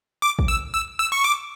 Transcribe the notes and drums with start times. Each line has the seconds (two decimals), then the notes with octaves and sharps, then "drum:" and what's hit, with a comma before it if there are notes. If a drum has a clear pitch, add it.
0.22 D6
0.39 drum: kick
0.48 E6
0.73 E6
0.99 E6
1.12 C#6
1.24 D6